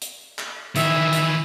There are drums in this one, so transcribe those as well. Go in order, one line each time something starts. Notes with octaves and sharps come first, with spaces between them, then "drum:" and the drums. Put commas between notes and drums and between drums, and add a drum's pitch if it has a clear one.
drum: hi-hat
drum: clap
D#3 E3 E5, drum: hi-hat
drum: hi-hat